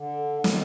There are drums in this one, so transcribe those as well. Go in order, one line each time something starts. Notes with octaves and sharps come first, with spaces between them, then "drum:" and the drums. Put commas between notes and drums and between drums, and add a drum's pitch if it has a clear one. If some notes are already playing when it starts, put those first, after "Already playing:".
Already playing: D3
D#3, drum: snare